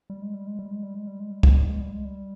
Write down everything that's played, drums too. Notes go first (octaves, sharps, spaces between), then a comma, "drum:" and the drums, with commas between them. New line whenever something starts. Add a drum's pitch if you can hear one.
G3
G#3
G3
G#3
G3
G#3
G3
G#3
G3
G#3
G3
G#3, drum: kick C#2
G3
G#3
G3
G#3
G3